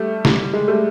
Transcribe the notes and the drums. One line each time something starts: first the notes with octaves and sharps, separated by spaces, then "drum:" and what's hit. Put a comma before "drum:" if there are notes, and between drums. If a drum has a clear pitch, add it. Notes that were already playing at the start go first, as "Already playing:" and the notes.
Already playing: G3 A3
G3, drum: snare
G#3
G3 A3